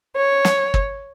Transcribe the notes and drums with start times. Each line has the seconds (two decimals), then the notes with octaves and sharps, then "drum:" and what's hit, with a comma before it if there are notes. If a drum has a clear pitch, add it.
0.15 C#5
0.45 drum: snare
0.74 drum: kick